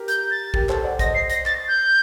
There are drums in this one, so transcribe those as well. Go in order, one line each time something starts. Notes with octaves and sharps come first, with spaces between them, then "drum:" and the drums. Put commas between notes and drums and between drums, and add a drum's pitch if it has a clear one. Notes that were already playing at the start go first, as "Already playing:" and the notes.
Already playing: G4 A#4
G6, drum: hi-hat
A6
G4 A#4, drum: kick
A4 C5, drum: clap
D5 F#5
C5 D#5 A#6, drum: kick, hi-hat
C7
A#6, drum: hi-hat
A6, drum: clap
G6